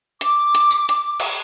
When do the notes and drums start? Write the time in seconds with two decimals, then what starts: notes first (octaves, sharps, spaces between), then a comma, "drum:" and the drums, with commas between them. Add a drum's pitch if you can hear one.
0.21 D6, drum: hi-hat
0.55 drum: hi-hat
0.71 drum: tambourine
0.89 drum: hi-hat
1.20 drum: cymbal